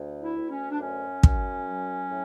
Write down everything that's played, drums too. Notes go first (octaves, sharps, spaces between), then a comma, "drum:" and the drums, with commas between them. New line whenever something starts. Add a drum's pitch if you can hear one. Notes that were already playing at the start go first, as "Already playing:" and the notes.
Already playing: D2
E4
D2
C#4
D4
F#2 C#4
F#2, drum: kick
F#3
A2